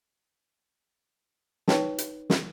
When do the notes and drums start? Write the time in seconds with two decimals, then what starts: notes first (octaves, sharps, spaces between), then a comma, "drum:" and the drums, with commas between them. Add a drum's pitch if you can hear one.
1.68 D#4 B4 C#5 G5 A5, drum: snare
1.98 drum: hi-hat
2.30 drum: snare